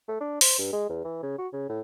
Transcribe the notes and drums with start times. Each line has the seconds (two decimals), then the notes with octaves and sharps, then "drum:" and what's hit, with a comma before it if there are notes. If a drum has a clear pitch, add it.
0.09 A3
0.21 D4
0.41 C5, drum: open hi-hat
0.58 G2
0.73 G#3
0.89 E2
1.05 E3
1.23 C#3
1.39 F#4
1.53 C#3
1.69 A2